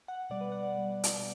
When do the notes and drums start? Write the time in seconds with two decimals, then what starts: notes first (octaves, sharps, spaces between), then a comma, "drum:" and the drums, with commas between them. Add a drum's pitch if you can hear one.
0.08 F#5
0.30 B2 G3 D5
0.41 B4
0.52 F#5
0.63 D5
0.74 B2 G3
1.04 drum: hi-hat
1.18 B2